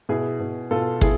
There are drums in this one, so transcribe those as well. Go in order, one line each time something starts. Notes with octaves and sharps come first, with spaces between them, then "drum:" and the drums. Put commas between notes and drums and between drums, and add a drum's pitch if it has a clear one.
B2 E4 G#4
B2
B2 F4 A4
B2 E4 G#4, drum: kick